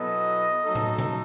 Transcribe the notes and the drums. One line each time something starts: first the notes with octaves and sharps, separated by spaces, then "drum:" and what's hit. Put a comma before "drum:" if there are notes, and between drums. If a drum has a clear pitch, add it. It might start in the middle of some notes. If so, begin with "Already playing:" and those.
Already playing: B2 F#3 B3 E4 A4 D#5
F#3 A3 D#4 A4
drum: tom A2
drum: tom A#2